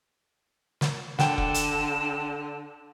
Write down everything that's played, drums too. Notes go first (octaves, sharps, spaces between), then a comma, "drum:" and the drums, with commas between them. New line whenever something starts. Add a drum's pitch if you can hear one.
drum: snare
D3 F#5 G5 E7, drum: snare
drum: kick F1
drum: hi-hat